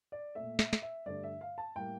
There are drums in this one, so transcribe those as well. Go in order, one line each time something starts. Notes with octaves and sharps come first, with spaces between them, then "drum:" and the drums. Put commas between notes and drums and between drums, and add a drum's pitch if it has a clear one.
D5
A#2 A3 E5
E5, drum: snare
drum: snare
E5
G2 D3 A3 D5
E5
F5
A5
A2 G3 A#3 G5